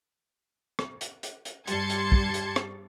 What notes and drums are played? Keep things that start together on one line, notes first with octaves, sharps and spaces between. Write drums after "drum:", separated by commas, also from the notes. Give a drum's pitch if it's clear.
drum: rim click
drum: hi-hat
drum: hi-hat
drum: hi-hat
G2 G3 A5 C6 G#6 C#7, drum: hi-hat
drum: hi-hat
drum: kick
drum: hi-hat
drum: rim click